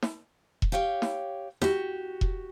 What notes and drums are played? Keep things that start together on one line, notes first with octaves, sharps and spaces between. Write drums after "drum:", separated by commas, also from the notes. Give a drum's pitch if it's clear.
drum: snare
drum: kick E1
G4 C#5 F5 G5
drum: snare
F#4 G4, drum: snare
drum: kick E1